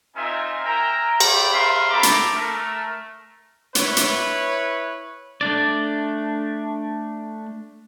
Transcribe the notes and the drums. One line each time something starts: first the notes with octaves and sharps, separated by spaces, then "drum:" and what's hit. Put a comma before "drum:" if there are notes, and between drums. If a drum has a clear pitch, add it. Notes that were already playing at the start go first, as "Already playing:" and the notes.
C4 D#4 F4 A#4 E5 G#5
A#4 E5 G5 G#5 A#5
C#4 A4 D5 G5 B5, drum: cymbal
A#4 B4 E5 F5 C6
C4 A4 E5 A#5 B5 D6
drum: hi-hat
A3 A#4
E4 B4 C#5, drum: hi-hat
drum: hi-hat
A3 D4 D5